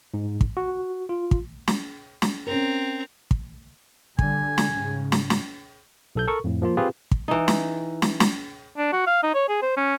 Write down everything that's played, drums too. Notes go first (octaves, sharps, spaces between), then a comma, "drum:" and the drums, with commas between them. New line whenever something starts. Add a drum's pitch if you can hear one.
G#2
drum: kick
F#4
F4
drum: kick
drum: snare
drum: snare
C4 C#4 A#4 A#5
drum: kick
D3 G3 G#5, drum: kick
drum: snare
G#2 C#3
drum: snare
drum: snare
B1 A4 G6
A4 A#4 C#6
F2 A2
F3 A#3 F4
C4 F4 G4 G#4 B4
drum: kick
E3 D#4
drum: snare
drum: snare
drum: snare
D4
F#4
F5
D#4
C#5
G#4
C5
C#4